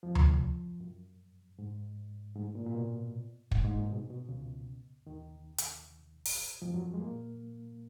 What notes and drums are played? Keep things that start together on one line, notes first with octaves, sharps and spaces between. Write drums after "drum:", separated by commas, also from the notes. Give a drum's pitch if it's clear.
F2 F3
drum: tom D2
F#2
G#2
G#2
A#2
A#2
B2
G#2, drum: kick
G#2
A#2
B2
B2
C#2 C#3
D#2 D#3
drum: hi-hat
drum: open hi-hat
F2 F3
F#2 F#3
G#3
A#2 A#3